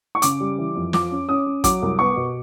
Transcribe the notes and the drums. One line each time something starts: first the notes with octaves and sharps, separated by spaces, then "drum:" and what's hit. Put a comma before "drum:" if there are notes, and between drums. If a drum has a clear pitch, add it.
C#6
C#3 D6, drum: hi-hat
G3
E3
F2
F3 D6, drum: snare
C#4
C#4 D#6
C#4
F#3 D6, drum: kick, hi-hat
C2
B3 C#6
B2